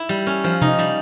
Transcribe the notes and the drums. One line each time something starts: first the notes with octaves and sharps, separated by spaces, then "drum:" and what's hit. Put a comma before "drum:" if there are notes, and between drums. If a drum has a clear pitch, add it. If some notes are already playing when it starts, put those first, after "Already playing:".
Already playing: E4
G3
C#4
F3
D#4, drum: tom C3
G3